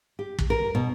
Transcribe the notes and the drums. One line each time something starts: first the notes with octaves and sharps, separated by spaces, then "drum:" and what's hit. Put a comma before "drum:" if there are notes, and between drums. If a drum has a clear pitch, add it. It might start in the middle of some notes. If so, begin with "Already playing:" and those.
G4
drum: kick
A#4
B2